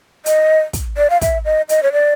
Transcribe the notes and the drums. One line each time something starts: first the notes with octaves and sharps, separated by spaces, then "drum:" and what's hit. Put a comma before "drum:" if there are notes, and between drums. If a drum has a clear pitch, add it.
D#5, drum: hi-hat
drum: kick, hi-hat
D5
F5
E5, drum: kick, hi-hat
D#5
D#5, drum: hi-hat
C#5
D5